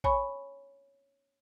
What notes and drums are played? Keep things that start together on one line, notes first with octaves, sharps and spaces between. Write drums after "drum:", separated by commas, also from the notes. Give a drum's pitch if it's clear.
C#5 G#5 B5 C#6, drum: kick A#1